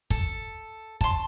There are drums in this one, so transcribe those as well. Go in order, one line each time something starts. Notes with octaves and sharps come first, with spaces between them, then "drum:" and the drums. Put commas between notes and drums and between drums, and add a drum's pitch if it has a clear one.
A4, drum: kick
A5 C6, drum: kick